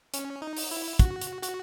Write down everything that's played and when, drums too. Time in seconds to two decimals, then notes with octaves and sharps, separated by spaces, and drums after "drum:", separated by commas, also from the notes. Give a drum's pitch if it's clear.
0.14 C#4, drum: hi-hat
0.42 D#4
0.57 drum: open hi-hat
0.71 E4
0.99 F#4, drum: kick, hi-hat
1.21 drum: hi-hat
1.43 F#4, drum: hi-hat